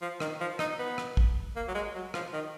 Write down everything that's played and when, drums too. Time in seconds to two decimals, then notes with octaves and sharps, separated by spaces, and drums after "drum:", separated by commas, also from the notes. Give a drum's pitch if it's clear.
0.01 F3
0.20 D#3, drum: rim click
0.40 F3
0.59 D#4, drum: rim click
0.79 B3
0.98 drum: rim click
1.17 drum: kick
1.56 A#3
1.68 F#3
1.74 G#3
1.95 F#3
2.14 F3, drum: rim click
2.33 D#3